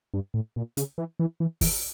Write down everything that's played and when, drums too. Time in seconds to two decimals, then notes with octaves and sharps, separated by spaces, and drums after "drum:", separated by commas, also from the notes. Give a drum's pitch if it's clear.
0.14 G2
0.34 A2
0.56 A#2
0.77 C#3, drum: hi-hat
0.98 E3
1.19 E3
1.40 E3
1.61 E3, drum: kick, open hi-hat